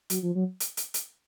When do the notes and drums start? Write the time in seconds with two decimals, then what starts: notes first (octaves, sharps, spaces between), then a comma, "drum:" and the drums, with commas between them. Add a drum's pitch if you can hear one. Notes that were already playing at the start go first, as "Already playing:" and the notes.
0.10 F#3, drum: hi-hat
0.23 F3
0.35 F#3
0.60 drum: hi-hat
0.77 drum: hi-hat
0.94 drum: hi-hat